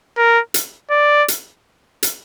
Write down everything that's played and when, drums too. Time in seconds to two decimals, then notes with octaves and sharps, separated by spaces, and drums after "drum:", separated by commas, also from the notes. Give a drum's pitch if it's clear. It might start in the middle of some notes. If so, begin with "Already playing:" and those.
0.17 A#4
0.54 drum: hi-hat
0.91 D5
1.28 drum: hi-hat
2.03 drum: hi-hat